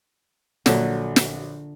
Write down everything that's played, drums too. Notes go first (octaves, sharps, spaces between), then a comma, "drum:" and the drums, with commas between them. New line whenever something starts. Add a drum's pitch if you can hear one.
A#1 D3 F#3, drum: snare
drum: snare